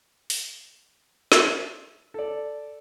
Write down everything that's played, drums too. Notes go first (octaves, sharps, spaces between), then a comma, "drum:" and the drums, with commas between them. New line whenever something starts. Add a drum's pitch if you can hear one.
drum: open hi-hat
drum: snare
A4 D5